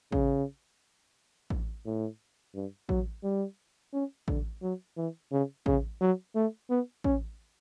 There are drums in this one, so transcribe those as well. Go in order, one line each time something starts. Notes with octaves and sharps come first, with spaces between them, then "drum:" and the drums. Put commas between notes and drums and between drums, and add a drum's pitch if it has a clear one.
C#3, drum: kick A1
drum: kick A1
A2
G2
F#3, drum: kick A1
G3
C#4
D3, drum: kick A1
F#3
E3
C#3
C#3, drum: kick A1
F#3
A3
B3
C#4, drum: kick A1